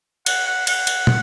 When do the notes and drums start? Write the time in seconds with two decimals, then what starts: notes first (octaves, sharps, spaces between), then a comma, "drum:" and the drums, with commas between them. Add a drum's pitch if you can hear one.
0.26 F#5, drum: cymbal
0.47 F#5
0.67 F#5, drum: cymbal
0.87 drum: cymbal
1.07 drum: tom